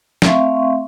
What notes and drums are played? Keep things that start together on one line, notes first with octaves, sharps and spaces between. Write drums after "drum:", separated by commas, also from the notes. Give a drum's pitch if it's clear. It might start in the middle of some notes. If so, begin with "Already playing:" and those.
A3 C4 E5 F5 C6 C#6, drum: snare